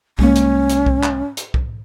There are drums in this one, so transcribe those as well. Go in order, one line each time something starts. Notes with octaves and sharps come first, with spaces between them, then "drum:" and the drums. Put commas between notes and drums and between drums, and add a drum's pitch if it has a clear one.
C2 G#3 A#3 C#4, drum: kick C2
drum: hi-hat
drum: hi-hat
drum: kick C2
drum: clap
drum: hi-hat
drum: kick C2